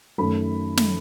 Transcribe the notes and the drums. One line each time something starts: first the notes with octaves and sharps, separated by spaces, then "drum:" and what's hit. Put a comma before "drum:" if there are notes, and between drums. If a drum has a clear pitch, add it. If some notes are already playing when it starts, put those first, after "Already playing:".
F#2 D#3 A3 B5
drum: snare